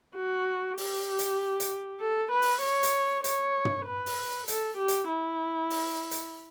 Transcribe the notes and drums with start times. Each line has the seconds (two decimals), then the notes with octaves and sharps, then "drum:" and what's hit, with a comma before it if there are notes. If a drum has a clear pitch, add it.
0.16 F#4
0.78 G4, drum: open hi-hat
1.19 drum: hi-hat
1.60 drum: hi-hat
2.00 A4
2.32 B4
2.42 drum: open hi-hat
2.62 C#5
2.83 drum: hi-hat
3.24 C#5, drum: hi-hat
3.65 drum: tom
3.86 B4
4.06 drum: open hi-hat
4.48 A4, drum: hi-hat
4.78 G4
4.88 drum: hi-hat
5.08 E4
5.70 drum: open hi-hat
6.11 drum: hi-hat